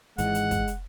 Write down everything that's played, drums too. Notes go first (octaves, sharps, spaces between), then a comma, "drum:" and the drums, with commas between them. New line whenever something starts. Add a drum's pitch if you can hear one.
G#1 G#2 E3 G#3 F#5, drum: hi-hat
drum: hi-hat
drum: kick, hi-hat
drum: hi-hat